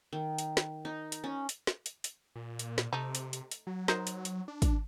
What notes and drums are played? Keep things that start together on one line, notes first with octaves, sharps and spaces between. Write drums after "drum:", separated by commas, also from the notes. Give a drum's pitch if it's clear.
D#3
drum: hi-hat
drum: snare
D#4
drum: hi-hat
C#4
drum: hi-hat
drum: snare
drum: hi-hat
drum: hi-hat
A#2
drum: hi-hat
drum: snare
C3 A3 D#4
drum: hi-hat
drum: hi-hat
drum: hi-hat
F#3
F#3 D#4 A#4 C5, drum: snare
drum: hi-hat
drum: hi-hat
D4
drum: kick, hi-hat